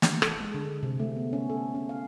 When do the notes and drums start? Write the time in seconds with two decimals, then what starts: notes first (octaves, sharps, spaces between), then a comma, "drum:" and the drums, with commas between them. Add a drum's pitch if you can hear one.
0.02 drum: snare
0.22 A4, drum: rim click
0.41 G#3
0.54 D3
0.83 C3
1.00 A3
1.16 B3
1.33 C#4
1.50 A4
1.75 C#4
1.89 F5